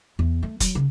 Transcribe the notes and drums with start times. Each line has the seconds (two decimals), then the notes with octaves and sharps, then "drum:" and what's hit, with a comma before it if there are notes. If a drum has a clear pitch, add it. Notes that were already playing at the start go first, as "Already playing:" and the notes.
0.19 E2
0.43 A3
0.60 F#3, drum: kick F1, hi-hat
0.75 C#3